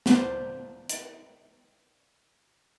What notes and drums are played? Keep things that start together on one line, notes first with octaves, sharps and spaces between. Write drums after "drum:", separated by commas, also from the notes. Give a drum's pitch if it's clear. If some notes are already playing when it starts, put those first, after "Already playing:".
C5 D5 F5 C6, drum: snare
drum: hi-hat